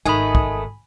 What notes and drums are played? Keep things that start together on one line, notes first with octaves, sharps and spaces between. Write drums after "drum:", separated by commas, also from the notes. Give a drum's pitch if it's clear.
G#1 D#3 G#3 A3 D#4 G#5 B5 D#6
drum: kick